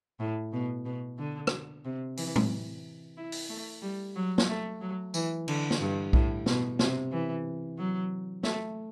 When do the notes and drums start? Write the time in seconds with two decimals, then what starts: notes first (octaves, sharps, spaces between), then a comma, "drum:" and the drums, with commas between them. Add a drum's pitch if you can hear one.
0.20 A2
0.53 B2
0.85 B2
1.19 D3
1.47 drum: rim click
1.85 C3
2.17 E3, drum: open hi-hat
2.36 drum: tom A2
3.17 E4
3.32 drum: open hi-hat
3.50 A3
3.82 G3
4.16 F#3
4.38 drum: snare
4.48 A3
4.81 F#3
5.14 E3, drum: tambourine
5.48 D3, drum: cymbal
5.71 drum: snare
5.81 G2
6.13 A2, drum: kick B1
6.46 B2, drum: snare
6.79 C3, drum: snare
7.12 E3
7.78 F#3
8.43 A3, drum: snare